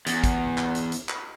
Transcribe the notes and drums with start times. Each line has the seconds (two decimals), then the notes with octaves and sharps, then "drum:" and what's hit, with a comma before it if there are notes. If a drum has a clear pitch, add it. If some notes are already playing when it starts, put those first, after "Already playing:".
0.06 E2, drum: hi-hat
0.24 drum: kick G#1, hi-hat
0.58 drum: clap
0.75 drum: hi-hat
0.92 drum: hi-hat
1.09 drum: clap